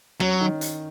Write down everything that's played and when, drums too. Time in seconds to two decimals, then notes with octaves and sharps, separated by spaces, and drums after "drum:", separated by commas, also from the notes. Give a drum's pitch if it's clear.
0.20 F#3 C#4, drum: rim click
0.40 D#3
0.61 drum: hi-hat